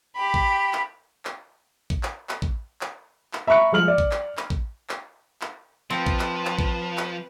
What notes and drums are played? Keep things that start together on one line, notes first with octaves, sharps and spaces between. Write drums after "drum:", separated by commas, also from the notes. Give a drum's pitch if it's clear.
G4 B5
drum: kick A1
drum: clap
drum: clap
drum: kick A1
drum: clap
drum: clap
drum: kick A1
drum: clap
drum: clap
E5 A#5 B5 C#6 F#6 C#7
F3 G#3 F6 F#7
D5
drum: kick A1
drum: clap
drum: clap
drum: kick A1
drum: clap
drum: clap
F3 C4 B4 A5
drum: kick A1
drum: clap
drum: clap
drum: kick A1
drum: clap